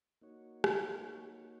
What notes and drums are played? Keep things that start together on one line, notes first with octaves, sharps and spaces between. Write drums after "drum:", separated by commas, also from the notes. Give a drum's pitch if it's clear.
A#3 D#4 F#4 C#5
drum: rim click